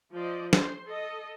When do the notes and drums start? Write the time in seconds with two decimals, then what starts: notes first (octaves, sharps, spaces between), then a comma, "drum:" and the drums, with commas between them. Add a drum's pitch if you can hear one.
0.13 F3 C5 D5 D#5
0.53 C5 C6, drum: snare
0.87 A4 D#5